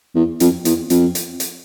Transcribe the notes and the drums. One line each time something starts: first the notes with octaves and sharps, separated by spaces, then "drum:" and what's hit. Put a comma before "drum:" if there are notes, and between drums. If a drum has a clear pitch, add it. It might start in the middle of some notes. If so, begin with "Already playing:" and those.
E2
F2, drum: hi-hat
E2, drum: hi-hat
F2, drum: hi-hat
drum: hi-hat
drum: hi-hat